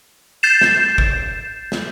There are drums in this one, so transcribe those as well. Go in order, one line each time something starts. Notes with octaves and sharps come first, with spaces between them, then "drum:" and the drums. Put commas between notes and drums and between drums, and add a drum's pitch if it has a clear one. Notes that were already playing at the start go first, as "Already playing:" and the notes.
G6 A6 C7 E7
drum: snare
drum: kick
drum: snare